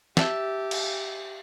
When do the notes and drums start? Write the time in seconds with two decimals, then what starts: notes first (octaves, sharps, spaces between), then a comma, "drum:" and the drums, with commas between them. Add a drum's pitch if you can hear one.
0.17 G4 E5 A5, drum: snare
0.71 drum: cymbal